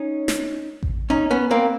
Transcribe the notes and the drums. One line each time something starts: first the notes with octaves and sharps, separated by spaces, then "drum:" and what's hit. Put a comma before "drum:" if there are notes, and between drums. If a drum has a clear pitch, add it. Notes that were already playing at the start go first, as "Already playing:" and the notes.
Already playing: C#4 D#4
drum: snare
drum: kick A1
C#4 D#4
B3 C#4
A#3 C4